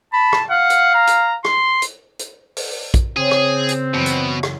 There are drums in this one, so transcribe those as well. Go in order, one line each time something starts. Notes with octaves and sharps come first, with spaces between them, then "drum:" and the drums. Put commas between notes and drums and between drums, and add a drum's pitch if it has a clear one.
A5 B5
drum: rim click
F5 F#5
drum: hi-hat
A#5
drum: hi-hat
C6, drum: rim click
drum: hi-hat
drum: hi-hat
drum: open hi-hat
drum: kick A#1, hi-hat
C#3 C4 G#4
drum: rim click
drum: hi-hat
F#2 B2 E3 F#3
drum: hi-hat
drum: rim click